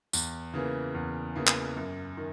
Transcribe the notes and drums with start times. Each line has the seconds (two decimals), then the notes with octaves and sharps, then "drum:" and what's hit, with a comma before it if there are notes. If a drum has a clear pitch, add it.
0.13 E2, drum: tambourine
0.54 C#3 E3 A#3
0.95 E2
1.36 C#3 E3 A#3
1.47 drum: clap
1.77 F#2
2.17 D#3